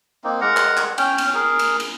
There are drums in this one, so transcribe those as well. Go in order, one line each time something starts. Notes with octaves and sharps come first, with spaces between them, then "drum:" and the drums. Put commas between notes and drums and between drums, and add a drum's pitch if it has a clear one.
A#3 C4 D#4
G#3 A#4 F#5 A#5
drum: clap
drum: clap
C#4 G5, drum: cymbal
drum: cymbal
G#4 A#4
drum: cymbal
drum: cymbal